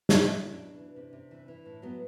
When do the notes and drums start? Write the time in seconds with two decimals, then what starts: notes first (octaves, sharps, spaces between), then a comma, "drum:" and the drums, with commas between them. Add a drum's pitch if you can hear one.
0.09 B2 F#4, drum: snare
0.26 F#3 E4
0.44 B2
0.52 D4
0.62 B2
0.79 E3
0.96 C3
1.13 C3
1.31 E3
1.48 E3
1.66 A2
1.82 F#3 B3